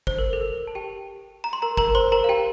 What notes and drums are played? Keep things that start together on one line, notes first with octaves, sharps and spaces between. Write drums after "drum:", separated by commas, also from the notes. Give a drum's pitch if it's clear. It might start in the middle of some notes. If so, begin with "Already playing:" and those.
C5, drum: kick
A#4
A4
A#4
A5
G4 G5
A#5
C6
A#4 A#5
A#4 A#5, drum: kick
C5 C6
A#4 A#5
F5
G4 G5